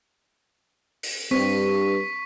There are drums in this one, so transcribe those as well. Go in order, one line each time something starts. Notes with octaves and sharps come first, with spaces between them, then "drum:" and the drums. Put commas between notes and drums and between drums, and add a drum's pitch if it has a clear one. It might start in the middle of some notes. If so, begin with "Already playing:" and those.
drum: open hi-hat
G2 C4 C#6 B6